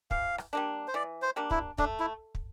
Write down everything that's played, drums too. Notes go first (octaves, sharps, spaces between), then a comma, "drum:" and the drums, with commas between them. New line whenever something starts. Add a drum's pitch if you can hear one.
E3 F5, drum: kick
drum: rim click
G3 A#3 D4
C5
E3 D5
C5
G3 A#3 D4
E4, drum: kick
A3 D4, drum: kick
E4
drum: kick